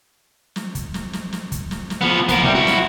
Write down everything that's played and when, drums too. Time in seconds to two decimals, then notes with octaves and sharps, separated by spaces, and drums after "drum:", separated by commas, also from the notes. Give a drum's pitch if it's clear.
0.56 drum: snare
0.75 drum: kick, hi-hat
0.94 drum: snare
1.13 drum: snare
1.33 drum: snare
1.52 drum: kick, hi-hat
1.71 drum: snare
1.90 drum: snare
2.01 F3 B3
2.29 B3 A#4, drum: kick, hi-hat
2.42 C3 G3
2.55 E4 F#4
2.67 drum: snare